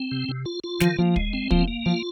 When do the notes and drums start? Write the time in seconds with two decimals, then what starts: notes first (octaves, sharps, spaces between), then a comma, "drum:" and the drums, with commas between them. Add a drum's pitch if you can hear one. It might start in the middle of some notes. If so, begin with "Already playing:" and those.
Already playing: C4
0.11 C3
0.29 C3
0.45 F4
0.64 F4
0.80 D#3 F3, drum: snare
0.98 F3 A#3
1.16 G#3, drum: kick
1.33 C4
1.51 F3 A#3, drum: kick
1.68 A#3
1.86 F3 F4